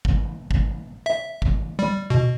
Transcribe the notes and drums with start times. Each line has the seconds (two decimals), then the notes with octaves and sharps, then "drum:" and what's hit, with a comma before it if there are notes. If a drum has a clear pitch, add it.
0.05 drum: kick
0.51 drum: kick
1.06 E5
1.42 drum: kick
1.79 G3
2.10 B2